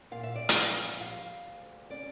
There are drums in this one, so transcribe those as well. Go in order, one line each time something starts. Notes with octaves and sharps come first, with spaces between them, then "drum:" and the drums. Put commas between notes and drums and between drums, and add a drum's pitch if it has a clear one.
A#2 F5
E5
D5
E5, drum: hi-hat
F3
G3 F5
D2
C#4 D5